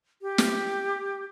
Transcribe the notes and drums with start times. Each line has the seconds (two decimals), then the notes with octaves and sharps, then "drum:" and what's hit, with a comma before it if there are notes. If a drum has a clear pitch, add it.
0.22 G4
0.38 drum: snare